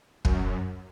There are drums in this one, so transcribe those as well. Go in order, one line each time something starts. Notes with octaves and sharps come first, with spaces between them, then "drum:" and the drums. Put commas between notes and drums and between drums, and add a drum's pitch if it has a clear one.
F#2, drum: kick